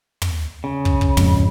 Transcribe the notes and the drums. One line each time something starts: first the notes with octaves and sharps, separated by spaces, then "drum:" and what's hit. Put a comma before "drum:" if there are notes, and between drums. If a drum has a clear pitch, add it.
drum: tom
C#3
drum: kick
drum: kick
F2 G#2, drum: tom